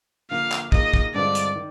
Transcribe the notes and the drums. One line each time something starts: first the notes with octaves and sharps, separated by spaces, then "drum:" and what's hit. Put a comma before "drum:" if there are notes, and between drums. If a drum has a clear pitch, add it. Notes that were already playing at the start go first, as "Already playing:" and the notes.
D3 F3 A#3 F4 F5
drum: clap
D#3 A#3 F4 G#4 D#5, drum: kick
drum: kick
G2 D3 G#3 C4 F4 D5
drum: hi-hat
D#3